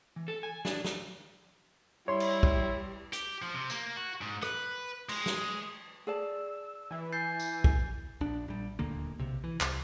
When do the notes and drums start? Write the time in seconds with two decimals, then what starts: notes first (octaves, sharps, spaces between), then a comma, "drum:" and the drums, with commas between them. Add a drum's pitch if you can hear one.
0.16 E3
0.28 A4
0.43 G#5
0.65 D4, drum: snare
0.84 drum: snare
2.08 G3 E4 C#5 C6
2.20 drum: cymbal
2.43 drum: kick
3.13 G4, drum: hi-hat
3.42 F3
3.54 C3
3.70 A#3, drum: tambourine
3.97 F#4
4.21 G#2
4.42 B4, drum: rim click
5.09 G#3, drum: cymbal
5.26 drum: snare
6.07 G#4 D5 A5 E6
6.91 E3 E4
7.13 G#5 G6 A6 C7
7.40 drum: tambourine
7.64 drum: kick
8.21 A#1 D4
8.48 A#1 G3
8.79 D#1 D2 D3 A#3
9.19 B1 C3
9.44 E3
9.61 C2, drum: clap